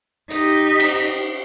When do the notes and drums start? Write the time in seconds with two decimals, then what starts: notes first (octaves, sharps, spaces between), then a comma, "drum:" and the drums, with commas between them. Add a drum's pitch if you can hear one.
0.30 D#4 G4, drum: hi-hat
0.80 drum: cymbal